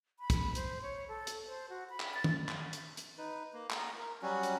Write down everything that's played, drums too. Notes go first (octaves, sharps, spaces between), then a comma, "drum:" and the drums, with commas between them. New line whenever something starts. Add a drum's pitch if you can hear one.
B5
drum: kick, hi-hat
C5, drum: hi-hat
C#5
A4
drum: hi-hat
C5
F#4
B5
drum: clap
A6
drum: tom
drum: clap
drum: hi-hat
drum: hi-hat
D#4 B4
A#3
A#5, drum: clap
A#4
F#3 G3 C#4 F#4
drum: hi-hat